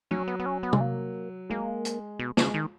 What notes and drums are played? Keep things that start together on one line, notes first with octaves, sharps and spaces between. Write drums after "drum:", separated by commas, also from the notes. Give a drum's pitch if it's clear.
F#3 C#4
B3
B3
C#4
B3
G#3, drum: tom
A#3
G#3 A#3
drum: hi-hat
B2
C#3 G#3, drum: snare
D#3